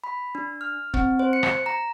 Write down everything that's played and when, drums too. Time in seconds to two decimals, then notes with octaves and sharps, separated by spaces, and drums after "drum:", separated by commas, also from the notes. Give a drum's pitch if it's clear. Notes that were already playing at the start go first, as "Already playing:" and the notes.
0.04 B5
0.35 D4
0.61 F6
0.94 C4, drum: kick
1.19 C5
1.33 C#7
1.43 drum: rim click
1.66 A#5